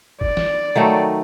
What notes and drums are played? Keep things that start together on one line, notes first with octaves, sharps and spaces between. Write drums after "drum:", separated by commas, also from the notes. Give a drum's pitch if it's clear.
D5, drum: kick
drum: snare
D#3 F#3 A3